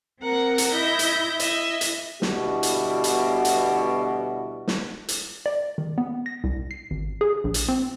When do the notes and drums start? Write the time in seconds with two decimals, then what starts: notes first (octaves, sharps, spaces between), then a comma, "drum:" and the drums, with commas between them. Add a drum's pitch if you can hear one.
0.20 C4 A#4 F#5 A#5
0.58 drum: hi-hat
0.72 E4 D#5 E5 G6 A#6
0.99 drum: hi-hat
1.39 E4 D#5 E5, drum: hi-hat
1.81 drum: hi-hat
2.22 D2 B2 G3 B3 E4 F#4, drum: snare
2.63 drum: hi-hat
3.04 drum: hi-hat
3.45 drum: hi-hat
4.68 drum: snare
5.08 drum: hi-hat
5.46 D5
5.78 D#3
5.98 B3
6.26 A#6
6.44 C2
6.71 C7
6.91 G#1
7.21 G#4
7.44 A#1
7.54 drum: hi-hat
7.69 C4